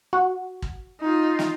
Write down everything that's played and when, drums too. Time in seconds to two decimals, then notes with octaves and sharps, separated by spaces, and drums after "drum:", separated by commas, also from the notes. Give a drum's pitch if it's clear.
0.13 F#4
0.62 drum: kick
1.01 D#4 F4
1.39 drum: snare